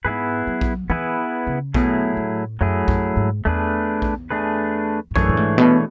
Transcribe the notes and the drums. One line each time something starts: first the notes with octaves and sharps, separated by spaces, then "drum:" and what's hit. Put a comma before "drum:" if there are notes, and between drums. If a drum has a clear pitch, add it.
G#2 B3 E4 G#4 B4
F#3
drum: kick A#1
E3 B3 E4 G#4 B4
C#3
B2 F#3 A3 E4 G#4, drum: kick A#1
A2
F#2 F#3 A3 E4 G#4
F#2, drum: kick A#1
G#2
E2 A3 D4 G#4 B4
drum: kick A#1
A3 D4 G#4 B4
G#2
F#2 E3 A3 D4 G#4 C#5, drum: kick A#1
A2
G#2
B2